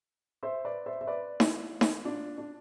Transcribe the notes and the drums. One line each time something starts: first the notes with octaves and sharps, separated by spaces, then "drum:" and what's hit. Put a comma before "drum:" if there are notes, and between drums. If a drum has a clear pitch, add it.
C5 E5
B4 D5
C5 E5
E5
B4 D5
E4, drum: snare D#4
drum: snare D#4
D4 F4
D4